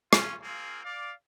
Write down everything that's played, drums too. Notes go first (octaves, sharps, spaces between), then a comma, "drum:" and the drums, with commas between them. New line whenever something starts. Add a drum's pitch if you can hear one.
C#4 F4, drum: rim click
A#3 C4 F4 G#4
D5 F5